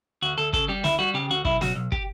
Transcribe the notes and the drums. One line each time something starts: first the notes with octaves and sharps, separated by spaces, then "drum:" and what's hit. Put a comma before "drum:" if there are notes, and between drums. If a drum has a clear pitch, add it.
D2 F#4
D2 A4
C#3 A4, drum: kick
G3 G4
D2 E4, drum: snare
G3 F#4
C#3 G4
D2 F#4
B1 E4, drum: kick
B1 F#4, drum: snare
B1
G4, drum: kick